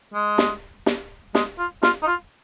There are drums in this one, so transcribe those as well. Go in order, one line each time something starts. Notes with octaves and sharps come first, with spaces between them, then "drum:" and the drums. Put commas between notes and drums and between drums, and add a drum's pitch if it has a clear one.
G#3
drum: snare
drum: snare
G#3, drum: snare
F4
F4, drum: snare
D#4
F4